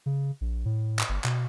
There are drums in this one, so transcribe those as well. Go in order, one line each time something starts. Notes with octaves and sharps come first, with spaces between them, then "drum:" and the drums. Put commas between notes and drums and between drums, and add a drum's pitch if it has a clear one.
C#3
A#1
A2
drum: clap
G1
B2, drum: clap